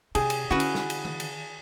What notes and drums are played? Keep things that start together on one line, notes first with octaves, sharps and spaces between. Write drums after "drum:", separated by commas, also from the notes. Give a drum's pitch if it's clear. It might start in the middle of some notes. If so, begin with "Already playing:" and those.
C3 G4 G#4, drum: cymbal
drum: cymbal
D3 C#4 D#4 E4 F#4 B4
drum: cymbal
drum: snare
drum: cymbal
drum: tom D#3
drum: cymbal